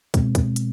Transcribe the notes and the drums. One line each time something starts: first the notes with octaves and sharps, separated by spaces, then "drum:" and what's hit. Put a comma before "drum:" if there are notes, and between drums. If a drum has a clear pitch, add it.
B2 G#3 C4, drum: kick, hi-hat
drum: kick, hi-hat
drum: hi-hat